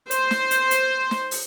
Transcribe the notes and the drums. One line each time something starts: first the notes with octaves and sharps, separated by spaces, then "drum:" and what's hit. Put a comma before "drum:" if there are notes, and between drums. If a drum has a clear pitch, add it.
C5, drum: hi-hat
drum: snare
drum: hi-hat
drum: hi-hat
drum: snare
drum: open hi-hat